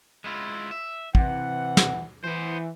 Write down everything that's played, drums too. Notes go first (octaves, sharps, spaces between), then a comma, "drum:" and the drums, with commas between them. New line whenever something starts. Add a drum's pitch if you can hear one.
G#3 E4 F4
E5
C3 E3 F#5, drum: kick
drum: snare
E3 B3 C5